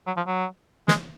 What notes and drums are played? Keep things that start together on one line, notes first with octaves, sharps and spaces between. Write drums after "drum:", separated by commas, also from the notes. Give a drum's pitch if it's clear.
F#3
F3
F#3
G#3, drum: snare